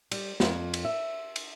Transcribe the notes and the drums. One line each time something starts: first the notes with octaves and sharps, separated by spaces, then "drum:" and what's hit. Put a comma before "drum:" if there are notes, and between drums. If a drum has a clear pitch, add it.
G3, drum: cymbal
F2, drum: snare
drum: cymbal
E5
drum: cymbal